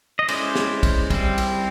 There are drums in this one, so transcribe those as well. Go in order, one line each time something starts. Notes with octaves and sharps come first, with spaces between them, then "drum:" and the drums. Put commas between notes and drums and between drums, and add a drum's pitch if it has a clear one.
D#5
G#3 C#4 E4 C5 D5, drum: cymbal
drum: snare
drum: kick, cymbal
G3 C4 E4, drum: kick, cymbal
drum: cymbal